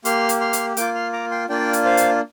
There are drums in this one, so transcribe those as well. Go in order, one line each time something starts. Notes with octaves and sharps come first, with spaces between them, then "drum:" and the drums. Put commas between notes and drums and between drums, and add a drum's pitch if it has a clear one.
A#3 G4 C6 F6, drum: hi-hat
drum: hi-hat
C6 F6
drum: hi-hat
A#3 F4 D6 G6, drum: hi-hat
C6 F6
A#5 D6
G5 C6
A#3 D4 F4 D5 G5
drum: hi-hat
C5 F5
drum: hi-hat